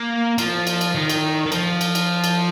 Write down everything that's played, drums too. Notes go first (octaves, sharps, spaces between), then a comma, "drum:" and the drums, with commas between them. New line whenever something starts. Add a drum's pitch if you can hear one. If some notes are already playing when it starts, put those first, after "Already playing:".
Already playing: A#3
F3, drum: cymbal
drum: cymbal
drum: cymbal
D#3
drum: cymbal
D#3
F3, drum: cymbal
drum: cymbal
drum: cymbal
drum: cymbal